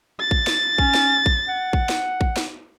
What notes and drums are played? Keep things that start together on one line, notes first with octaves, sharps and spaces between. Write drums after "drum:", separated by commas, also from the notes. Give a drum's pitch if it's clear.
A6
drum: kick
drum: snare
C#4, drum: kick
drum: snare
drum: kick
F#5
drum: kick
drum: snare
drum: kick
drum: snare